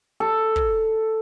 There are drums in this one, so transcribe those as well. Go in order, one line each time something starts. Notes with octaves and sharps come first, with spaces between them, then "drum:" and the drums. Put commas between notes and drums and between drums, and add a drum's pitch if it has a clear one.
A4
drum: kick